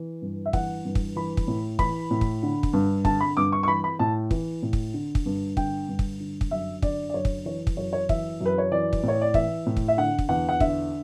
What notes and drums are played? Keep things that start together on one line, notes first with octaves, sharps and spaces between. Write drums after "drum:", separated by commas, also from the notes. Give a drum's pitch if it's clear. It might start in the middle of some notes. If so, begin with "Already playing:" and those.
Already playing: E3
G2
E5
E3 F#5, drum: kick
G2
drum: kick
E3 B5
drum: kick
A2
E3 B5, drum: kick
A2
drum: kick
D3
drum: kick
G2
D3 A5, drum: kick
B5
G2 D6
C#6
C#6
E3 B5
B5
A2 A5
E3, drum: kick
A2
drum: kick
D3
drum: kick
G2
D3 G5, drum: kick
G2
drum: kick
D3
drum: kick
F#2 E5
D3 D5, drum: kick
D5
F#2 C#5
drum: kick
E3 C#5
drum: kick
F#2 C#5
C#5
E3 E5, drum: kick
F#2 B4
C#5
E3 D5
drum: kick
A2 C#5
D5
E3 E5, drum: kick
A2
drum: kick
E5
D3 F#5
drum: kick
E2 F#5
F#5
D3 E5, drum: kick